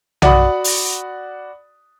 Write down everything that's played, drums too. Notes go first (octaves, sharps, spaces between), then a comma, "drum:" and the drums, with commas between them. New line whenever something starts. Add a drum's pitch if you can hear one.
F#4 D5 F#5 B5 D#6, drum: tom B1
drum: open hi-hat